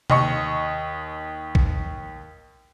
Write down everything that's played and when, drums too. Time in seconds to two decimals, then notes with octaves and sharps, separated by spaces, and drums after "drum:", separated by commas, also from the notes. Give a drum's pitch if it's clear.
0.10 D#2 D#5 C#6, drum: tom C3
1.55 drum: kick